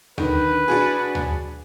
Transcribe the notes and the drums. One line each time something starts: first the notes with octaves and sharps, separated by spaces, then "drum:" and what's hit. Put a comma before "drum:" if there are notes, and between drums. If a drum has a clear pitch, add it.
D3 D#3 B4, drum: tom D2
D4 F#4 G#4
drum: tom D2